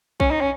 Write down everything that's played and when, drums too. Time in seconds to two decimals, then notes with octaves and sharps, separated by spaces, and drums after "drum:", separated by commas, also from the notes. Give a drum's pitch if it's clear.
0.20 C#4, drum: kick A#1
0.31 D#4
0.41 C#4